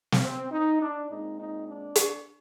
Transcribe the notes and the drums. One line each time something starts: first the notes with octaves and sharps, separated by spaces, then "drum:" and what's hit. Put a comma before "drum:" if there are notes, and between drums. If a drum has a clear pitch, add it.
drum: snare
C4
D#4
D4
A#2 G#3 C4 D#4
D#4
D4
drum: hi-hat